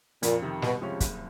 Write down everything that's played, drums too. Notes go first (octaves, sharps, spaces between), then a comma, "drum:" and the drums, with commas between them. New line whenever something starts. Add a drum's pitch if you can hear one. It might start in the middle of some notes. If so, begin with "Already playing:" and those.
F2 A#2, drum: hi-hat
C3 D#3
C2 B2, drum: snare
C3 F3 G#3 C#4
F#1, drum: kick, hi-hat